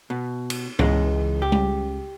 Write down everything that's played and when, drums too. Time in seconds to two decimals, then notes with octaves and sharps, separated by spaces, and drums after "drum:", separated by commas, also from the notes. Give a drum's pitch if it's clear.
0.10 B2
0.50 drum: cymbal
0.79 C#2 E3 G#3, drum: tom G#2
1.42 G4
1.52 drum: tom G3